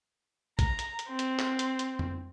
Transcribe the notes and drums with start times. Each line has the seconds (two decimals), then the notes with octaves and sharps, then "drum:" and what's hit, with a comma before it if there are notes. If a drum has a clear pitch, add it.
0.59 A#5, drum: kick A#1, hi-hat
0.79 drum: hi-hat
0.99 drum: hi-hat
1.09 C4
1.19 drum: hi-hat
1.39 drum: clap
1.59 drum: hi-hat
1.79 drum: hi-hat
1.99 drum: tom F2